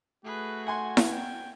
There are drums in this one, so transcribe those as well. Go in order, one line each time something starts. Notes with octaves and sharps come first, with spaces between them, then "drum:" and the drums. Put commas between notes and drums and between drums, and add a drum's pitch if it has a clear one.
A3 F#4 G#4 B4
F#5 G#5 C6 G#6
drum: snare E4
G5